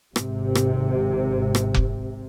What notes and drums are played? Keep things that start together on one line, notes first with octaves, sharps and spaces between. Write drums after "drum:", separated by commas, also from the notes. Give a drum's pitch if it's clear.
G#1 C3, drum: rim click
drum: rim click
drum: rim click
drum: kick F1